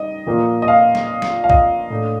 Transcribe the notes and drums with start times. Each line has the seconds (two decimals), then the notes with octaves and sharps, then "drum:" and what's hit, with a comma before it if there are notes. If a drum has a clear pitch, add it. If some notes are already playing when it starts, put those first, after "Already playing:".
Already playing: D#3 G3 D#5
0.27 A#2 F3 A#3
0.62 D#5
0.68 F5
0.95 drum: snare
1.22 drum: snare
1.44 F5
1.50 D#5, drum: kick A#1
1.90 A2 A3 D4